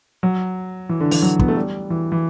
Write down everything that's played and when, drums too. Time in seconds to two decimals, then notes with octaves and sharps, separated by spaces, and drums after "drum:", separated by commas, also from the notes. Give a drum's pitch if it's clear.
0.23 F#3
0.89 E3
1.00 D3
1.11 E3, drum: open hi-hat
1.22 F#3
1.39 B3, drum: kick
1.48 A3
1.57 G3
1.90 E3
2.12 E3